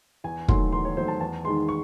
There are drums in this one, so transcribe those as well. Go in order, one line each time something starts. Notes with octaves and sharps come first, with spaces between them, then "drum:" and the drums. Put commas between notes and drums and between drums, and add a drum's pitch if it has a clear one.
E2 G#5
D#3 F#3 A3 C6, drum: kick
E2 C6
C#5
D#3 F#3 A3 C5
A5
E2 A5
D#3 G#3 C6
C#6